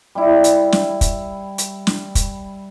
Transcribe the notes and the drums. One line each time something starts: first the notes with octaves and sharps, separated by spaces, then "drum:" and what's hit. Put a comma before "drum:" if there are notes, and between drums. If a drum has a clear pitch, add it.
G3 E4
drum: hi-hat
drum: snare
drum: kick, hi-hat
drum: hi-hat
drum: snare
drum: kick, hi-hat